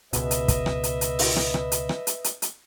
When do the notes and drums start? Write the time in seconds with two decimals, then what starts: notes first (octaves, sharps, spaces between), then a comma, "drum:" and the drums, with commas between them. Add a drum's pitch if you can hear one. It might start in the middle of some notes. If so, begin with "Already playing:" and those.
0.13 C#2 B2 B4 D#5 E5, drum: hi-hat
0.31 drum: hi-hat
0.48 drum: kick, hi-hat
0.66 drum: rim click
0.84 drum: hi-hat
1.01 drum: hi-hat
1.19 drum: open hi-hat
1.36 drum: rim click
1.54 drum: rim click
1.72 drum: hi-hat
1.89 drum: rim click
2.07 drum: hi-hat
2.24 drum: hi-hat
2.42 drum: hi-hat